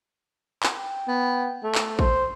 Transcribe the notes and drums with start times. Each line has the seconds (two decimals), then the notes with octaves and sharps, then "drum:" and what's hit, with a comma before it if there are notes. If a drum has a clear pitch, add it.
0.63 drum: clap
0.74 G5
1.08 B3
1.63 A3
1.75 drum: clap
1.99 C5, drum: kick